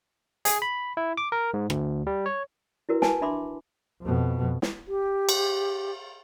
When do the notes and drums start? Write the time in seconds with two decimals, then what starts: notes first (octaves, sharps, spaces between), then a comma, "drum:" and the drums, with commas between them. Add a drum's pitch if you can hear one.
0.45 G#4, drum: hi-hat
0.62 B5
0.97 E4
1.17 D6
1.32 A#4
1.54 G#2
1.70 D2, drum: rim click
2.07 G3
2.26 C#5
2.89 E4 F#4 A#4 B4
3.02 B4 G#5 A5, drum: snare
3.22 D4 E5 B5 C6 D6
4.02 F2 B2
4.62 drum: snare
4.88 G4
5.29 drum: cymbal